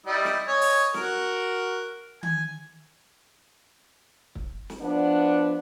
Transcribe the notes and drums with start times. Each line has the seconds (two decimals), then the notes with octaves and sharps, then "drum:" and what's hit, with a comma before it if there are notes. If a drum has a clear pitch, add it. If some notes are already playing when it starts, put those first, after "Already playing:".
0.06 G3 D#4 E4
0.25 drum: snare
0.47 C#5 D#5 G#5
0.61 drum: open hi-hat
0.94 F#4 A#4, drum: snare
2.23 G#5, drum: tom D#3
4.35 drum: kick
4.70 drum: snare
4.81 F3 B3 D4